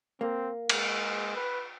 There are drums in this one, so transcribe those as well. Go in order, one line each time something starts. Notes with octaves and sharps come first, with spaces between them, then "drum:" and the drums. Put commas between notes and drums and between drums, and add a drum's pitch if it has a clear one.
A#3 C4
G#3, drum: cymbal
B4